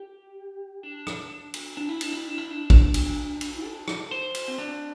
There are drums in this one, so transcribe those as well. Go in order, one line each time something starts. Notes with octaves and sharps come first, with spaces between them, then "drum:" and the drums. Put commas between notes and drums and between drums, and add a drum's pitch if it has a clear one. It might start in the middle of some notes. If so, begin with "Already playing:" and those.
Already playing: G4
D4
drum: rim click
drum: cymbal
D4
E4
D4, drum: cymbal
E4
D4
E4
D4
D4, drum: kick
drum: cymbal
drum: cymbal
A4
drum: rim click
C5
drum: cymbal
C4
D4